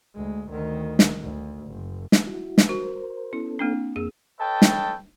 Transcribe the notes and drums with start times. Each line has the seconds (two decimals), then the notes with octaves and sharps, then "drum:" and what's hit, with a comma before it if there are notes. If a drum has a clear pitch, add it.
0.14 D2 G#3
0.49 D2 D#3
0.99 drum: snare
1.22 D2
1.67 F#1
2.12 drum: snare
2.27 E4 F#4
2.58 drum: snare
2.69 F#4 A#4 C5
3.33 B3 C#4 E4 A4
3.59 A#3 C4 D4
3.96 F2 A#3 G#4 E6
4.40 A4 B4 C#5 D#5 G5 A5
4.62 drum: snare